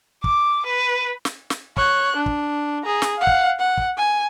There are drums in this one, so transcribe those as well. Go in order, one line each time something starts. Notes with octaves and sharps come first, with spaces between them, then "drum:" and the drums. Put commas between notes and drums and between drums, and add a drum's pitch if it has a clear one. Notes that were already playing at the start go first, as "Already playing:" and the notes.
D6, drum: kick
B4
drum: snare
drum: snare
C#5 F#6, drum: kick
D4
drum: kick
G#4 A#5
drum: snare
F5 F#5
drum: kick
F#5
drum: kick
G#5